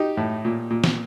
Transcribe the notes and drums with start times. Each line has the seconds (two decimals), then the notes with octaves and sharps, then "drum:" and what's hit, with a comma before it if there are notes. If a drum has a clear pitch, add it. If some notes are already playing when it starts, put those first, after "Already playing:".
Already playing: D#4 G4
0.17 A2
0.45 A#2
0.70 A#2
0.84 drum: snare